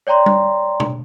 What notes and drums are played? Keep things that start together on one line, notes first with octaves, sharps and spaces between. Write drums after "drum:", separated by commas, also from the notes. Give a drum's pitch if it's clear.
C#5 D5 G5 A#5 C6
drum: tom G3
drum: tom B2